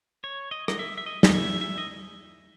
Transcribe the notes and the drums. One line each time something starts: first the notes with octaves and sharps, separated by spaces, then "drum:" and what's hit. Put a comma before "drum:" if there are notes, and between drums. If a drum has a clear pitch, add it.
C#5
D#5
D#5, drum: rim click
E5
E5
D#5
D#5, drum: snare
E5
E5
D#5